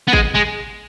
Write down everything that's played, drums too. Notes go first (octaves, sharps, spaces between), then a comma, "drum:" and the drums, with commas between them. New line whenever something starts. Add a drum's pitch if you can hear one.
B3
G#3, drum: kick
G#3